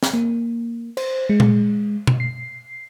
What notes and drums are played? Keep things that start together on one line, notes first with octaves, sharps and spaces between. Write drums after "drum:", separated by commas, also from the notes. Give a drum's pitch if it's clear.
drum: snare
A#3
C5, drum: cymbal
G#3
drum: tom A#2
drum: tom B2
C7